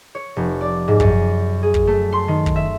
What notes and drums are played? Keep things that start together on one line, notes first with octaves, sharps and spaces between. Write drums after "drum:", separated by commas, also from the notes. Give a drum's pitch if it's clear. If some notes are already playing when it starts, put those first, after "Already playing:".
C#5
F1
D5
G#2
F#2, drum: kick
G#4
drum: kick
A3
C6
D#3
drum: kick
E5